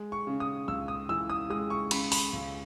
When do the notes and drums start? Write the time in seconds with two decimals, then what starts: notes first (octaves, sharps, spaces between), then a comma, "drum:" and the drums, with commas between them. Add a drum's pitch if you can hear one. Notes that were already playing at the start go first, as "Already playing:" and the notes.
Already playing: G#3
0.12 C#6
0.27 C#3
0.40 D#6
0.68 C#2 E6
0.88 D#6
1.09 E3 E6
1.30 D#6
1.50 G#3 D#6
1.70 C#6
1.91 C#3 B5, drum: cymbal
2.12 B5, drum: open hi-hat
2.33 C#2